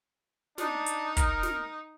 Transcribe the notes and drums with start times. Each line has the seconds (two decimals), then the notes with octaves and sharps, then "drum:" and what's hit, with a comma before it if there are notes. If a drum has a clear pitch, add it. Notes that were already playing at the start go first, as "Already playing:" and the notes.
0.58 D4 D#4, drum: snare
0.86 drum: hi-hat
1.17 A#4, drum: kick, hi-hat
1.43 drum: snare